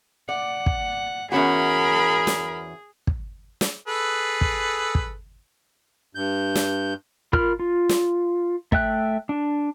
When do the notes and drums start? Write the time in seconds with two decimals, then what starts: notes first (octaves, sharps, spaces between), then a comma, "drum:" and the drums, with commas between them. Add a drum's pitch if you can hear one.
0.29 D5 F#5
0.66 drum: kick
1.32 E2 C#4 F#4 G#4 A#4 B5
2.27 drum: snare
3.07 drum: kick
3.61 drum: snare
3.88 G#4 A4 B4
4.41 drum: kick
4.95 drum: kick
6.15 G2 G6
6.55 drum: snare
7.33 F4 A#4 B5 F6, drum: kick
7.59 F4
7.89 drum: snare
8.72 A3 E5 G5 F#6, drum: kick
9.29 D4